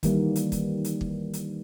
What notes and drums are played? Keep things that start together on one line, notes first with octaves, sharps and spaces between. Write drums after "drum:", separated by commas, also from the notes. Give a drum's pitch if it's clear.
D#3 E3 G3 A#3, drum: kick, hi-hat
drum: hi-hat
drum: kick, hi-hat
drum: hi-hat
drum: kick
drum: hi-hat